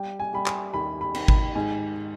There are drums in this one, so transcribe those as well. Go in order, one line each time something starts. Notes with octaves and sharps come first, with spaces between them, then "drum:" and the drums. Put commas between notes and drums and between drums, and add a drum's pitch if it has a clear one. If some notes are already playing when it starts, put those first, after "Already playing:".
Already playing: G3 G5
G#5
G3 B5
G#5, drum: clap
D#2 B5
B5
D#3, drum: cymbal
B5, drum: kick G#1
G#2 G#5